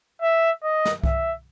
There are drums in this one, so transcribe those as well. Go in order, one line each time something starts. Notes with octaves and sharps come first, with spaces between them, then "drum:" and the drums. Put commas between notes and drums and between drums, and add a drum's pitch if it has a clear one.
E5
D#5
drum: snare
E5, drum: kick C2